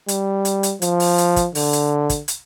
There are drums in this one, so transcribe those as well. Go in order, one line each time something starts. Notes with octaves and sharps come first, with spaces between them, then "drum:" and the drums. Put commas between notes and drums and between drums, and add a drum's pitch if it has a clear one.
G3, drum: hi-hat
drum: hi-hat
drum: hi-hat
F3, drum: hi-hat
drum: open hi-hat
drum: hi-hat
drum: kick, hi-hat
D3, drum: open hi-hat
drum: hi-hat
drum: kick, hi-hat
drum: hi-hat